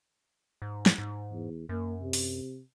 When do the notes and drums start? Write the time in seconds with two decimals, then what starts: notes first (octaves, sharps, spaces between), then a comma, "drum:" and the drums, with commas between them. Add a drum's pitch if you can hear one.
0.62 G#2
0.86 drum: snare
0.98 G#2
1.32 E2
1.69 F#2 A#3
2.01 C3
2.13 drum: open hi-hat